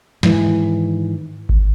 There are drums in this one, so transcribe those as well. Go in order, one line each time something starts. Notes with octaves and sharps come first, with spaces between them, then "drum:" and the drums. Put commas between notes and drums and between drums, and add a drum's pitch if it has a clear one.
G#2 D#3 E3, drum: snare
drum: kick G#1